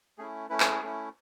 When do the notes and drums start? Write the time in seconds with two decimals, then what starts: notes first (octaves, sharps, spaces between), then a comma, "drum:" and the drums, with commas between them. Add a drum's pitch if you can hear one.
0.18 A3 C#4 E4 G#4
0.49 A3 C#4 E4 B4
0.60 G#4, drum: clap
0.71 G#4
0.81 A3 C#4 E4